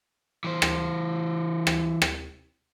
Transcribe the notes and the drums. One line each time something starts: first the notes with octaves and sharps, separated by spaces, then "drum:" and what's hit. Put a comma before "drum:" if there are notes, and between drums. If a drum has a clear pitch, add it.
E3 C5
drum: rim click
drum: rim click
drum: rim click